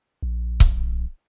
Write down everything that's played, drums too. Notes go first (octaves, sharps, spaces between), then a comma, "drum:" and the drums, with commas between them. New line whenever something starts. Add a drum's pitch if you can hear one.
A#1
drum: kick C#1